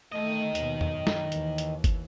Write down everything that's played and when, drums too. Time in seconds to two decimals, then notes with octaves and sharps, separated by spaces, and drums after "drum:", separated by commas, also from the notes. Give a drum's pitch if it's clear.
0.12 D#3 A3 D#5
0.55 D#2 B2, drum: hi-hat
0.81 drum: tom E2
0.90 F#2
1.07 drum: snare
1.32 D#2 E3, drum: hi-hat
1.58 drum: hi-hat
1.84 drum: kick, hi-hat